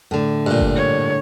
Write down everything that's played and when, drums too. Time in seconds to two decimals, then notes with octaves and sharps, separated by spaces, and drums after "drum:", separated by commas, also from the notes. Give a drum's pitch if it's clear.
0.11 A2 D3
0.46 G2 A#2
0.59 drum: kick G1
0.77 C#5